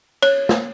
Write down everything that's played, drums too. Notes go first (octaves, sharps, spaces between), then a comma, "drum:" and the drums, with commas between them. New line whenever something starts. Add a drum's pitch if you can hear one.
C#5, drum: cymbal
drum: snare